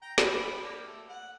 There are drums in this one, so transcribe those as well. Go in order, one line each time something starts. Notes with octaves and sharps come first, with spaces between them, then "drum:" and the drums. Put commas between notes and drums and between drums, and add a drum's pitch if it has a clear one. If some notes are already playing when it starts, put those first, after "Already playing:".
G5 A#5
B5, drum: snare
A#3 D4 G4
A3
F#5